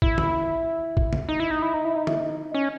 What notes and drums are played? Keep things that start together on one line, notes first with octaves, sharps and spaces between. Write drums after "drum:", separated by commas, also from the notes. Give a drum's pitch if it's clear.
E4, drum: kick
drum: tom
drum: kick
drum: tom C#3
D#4
E4
D#4
E4
D#4
E4
D#4
E4, drum: tom
D#4
C#4